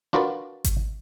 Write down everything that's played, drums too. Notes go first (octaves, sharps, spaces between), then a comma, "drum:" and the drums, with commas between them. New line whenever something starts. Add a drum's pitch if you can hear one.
D4 F4 F#4 A#4 B4 D5
drum: kick G#1, hi-hat